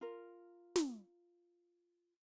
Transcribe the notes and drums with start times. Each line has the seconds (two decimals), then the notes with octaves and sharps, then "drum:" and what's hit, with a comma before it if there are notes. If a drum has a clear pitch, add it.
0.01 F4 A#4
0.76 drum: snare